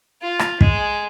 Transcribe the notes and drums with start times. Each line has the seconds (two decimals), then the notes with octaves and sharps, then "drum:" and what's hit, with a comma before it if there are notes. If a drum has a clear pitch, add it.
0.22 F4
0.39 drum: rim click
0.61 G#3, drum: kick